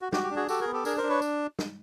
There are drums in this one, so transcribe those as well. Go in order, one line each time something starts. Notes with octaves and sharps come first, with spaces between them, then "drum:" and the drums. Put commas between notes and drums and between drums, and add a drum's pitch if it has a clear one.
F#4
F#4 G4, drum: snare
G4
D4
F#4 G#4
F#4 G4 A4, drum: tambourine
G#4 A#4
B3
G4 A4
D4 G#4 A#4, drum: tambourine
A#4 C5
D4
B4 C#5
drum: tambourine
drum: snare